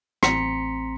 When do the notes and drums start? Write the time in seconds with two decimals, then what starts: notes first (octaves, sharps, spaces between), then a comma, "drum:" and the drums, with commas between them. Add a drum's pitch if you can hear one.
0.23 A1 C4 A#5 C6 B6 C#7, drum: rim click